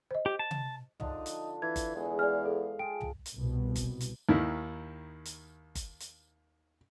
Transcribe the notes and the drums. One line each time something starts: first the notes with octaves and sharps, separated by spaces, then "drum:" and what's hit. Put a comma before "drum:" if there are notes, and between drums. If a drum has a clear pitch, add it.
C5 D#5
G4
A5
drum: tom C3
D3 F3 D4 D#4, drum: tom
drum: hi-hat
E3 G#6
drum: kick G1, hi-hat
E2 G#3
D5 F5 G#5 F6
A4
F4 G#4 A4 G5 D7
drum: tom
drum: hi-hat
C2 B2
drum: kick G1, hi-hat
drum: hi-hat
D#2 D#3 E4
drum: hi-hat
drum: kick G1, hi-hat
drum: hi-hat